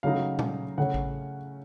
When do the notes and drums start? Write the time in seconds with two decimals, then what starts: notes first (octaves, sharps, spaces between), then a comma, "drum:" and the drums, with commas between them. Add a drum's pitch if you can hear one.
0.03 C#3 F#3 A3 D#4 F5
0.39 drum: tom A#2
0.78 C#3 A3 C#4 F#5
0.94 drum: kick A1